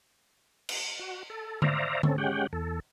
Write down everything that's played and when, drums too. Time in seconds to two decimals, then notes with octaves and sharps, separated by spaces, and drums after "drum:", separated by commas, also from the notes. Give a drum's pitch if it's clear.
0.69 drum: cymbal
0.99 F#4
1.30 A4
1.62 C5 D5 E5 F5 A#5, drum: tom D3
2.03 C4 C#4 A4, drum: tom D3
2.18 G#3 C#4 G4 F#5 G5
2.53 E2 A4